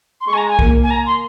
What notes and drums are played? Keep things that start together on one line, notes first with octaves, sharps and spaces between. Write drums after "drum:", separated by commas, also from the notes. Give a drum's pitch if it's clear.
C6
G#3 C#6
G#5
A#5
G#5
A#3, drum: kick B1
G#5
A#5
C6